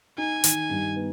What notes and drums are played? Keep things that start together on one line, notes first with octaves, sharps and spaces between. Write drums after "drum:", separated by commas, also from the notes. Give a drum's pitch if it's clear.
D#4 G#5
D#3, drum: hi-hat
G2
B3